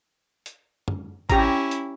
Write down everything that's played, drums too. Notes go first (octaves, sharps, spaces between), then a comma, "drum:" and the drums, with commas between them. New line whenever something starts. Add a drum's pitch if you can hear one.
drum: hi-hat
drum: tom
C#4 E4 G4 A#5, drum: kick A1, hi-hat
drum: hi-hat